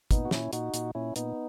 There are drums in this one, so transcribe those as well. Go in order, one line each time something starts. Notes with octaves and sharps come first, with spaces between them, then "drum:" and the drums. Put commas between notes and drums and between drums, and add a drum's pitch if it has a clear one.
A#2 B3 D#4, drum: kick, hi-hat
F#4
A#2 C#4 E4, drum: snare
A#2 D#4 F#4, drum: hi-hat
A#2, drum: hi-hat
A#2 C#4 E4
A#2 B3 D#4, drum: hi-hat